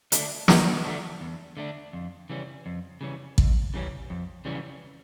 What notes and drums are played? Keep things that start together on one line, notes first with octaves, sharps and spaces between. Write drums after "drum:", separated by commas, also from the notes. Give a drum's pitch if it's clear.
D3 A3 D4, drum: hi-hat
E2, drum: snare
D3 A3 D4
E2
D3 A3 D4
F2
C#3 E3 G3 C#4
F2
C#3 E3 G3 C#4
F2, drum: kick
C#3 E3 G3 C#4
F2
C#3 E3 G3 C#4